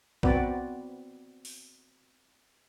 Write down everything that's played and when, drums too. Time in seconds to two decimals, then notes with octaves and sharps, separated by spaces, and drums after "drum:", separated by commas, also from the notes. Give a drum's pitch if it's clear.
0.23 B3 C4 F#4 B4 D5 F#5, drum: kick A#1
1.45 drum: open hi-hat